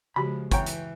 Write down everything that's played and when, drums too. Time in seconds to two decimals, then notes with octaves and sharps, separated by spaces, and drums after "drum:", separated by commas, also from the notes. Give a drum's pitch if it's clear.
0.16 C#3 F3 G#3 F#4 G4 B5
0.52 E3 B4 C#5 F#5 G5 A#5, drum: kick, hi-hat
0.66 drum: hi-hat